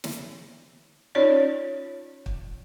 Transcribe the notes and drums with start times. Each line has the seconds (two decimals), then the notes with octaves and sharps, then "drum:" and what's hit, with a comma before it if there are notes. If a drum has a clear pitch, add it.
0.04 drum: snare
1.15 C#4 D#4 F4 C#5 D5
2.26 drum: kick